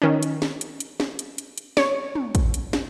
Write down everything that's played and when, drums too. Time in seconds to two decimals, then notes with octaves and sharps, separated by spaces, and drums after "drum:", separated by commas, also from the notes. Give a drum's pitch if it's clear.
0.02 D#3 C#4
0.23 drum: hi-hat
0.42 drum: snare
0.61 drum: hi-hat
0.80 drum: hi-hat
1.00 drum: snare
1.19 drum: hi-hat
1.38 drum: hi-hat
1.58 drum: hi-hat
1.77 C#5, drum: snare
2.15 drum: tom
2.35 drum: kick, hi-hat
2.54 drum: hi-hat
2.73 drum: snare